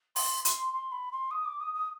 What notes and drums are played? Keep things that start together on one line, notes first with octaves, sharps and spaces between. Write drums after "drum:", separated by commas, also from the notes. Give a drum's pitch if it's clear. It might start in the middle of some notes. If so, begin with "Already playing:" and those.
C6, drum: open hi-hat
C6, drum: hi-hat
C6
B5
C6
D#6
D6
D#6
D#6